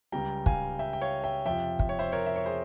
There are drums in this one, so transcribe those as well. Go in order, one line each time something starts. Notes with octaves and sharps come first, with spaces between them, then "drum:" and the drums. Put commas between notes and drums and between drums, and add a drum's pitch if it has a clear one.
C#2 C#3 G3 G5 A#5
F5 G#5, drum: kick
E5 G5
G5
C#5 F5
E5 G5
F2 C3 F3 E5 G5
E5, drum: kick
C#5
C5 E5
A#4 C#5
E5
C#5
G#4 C5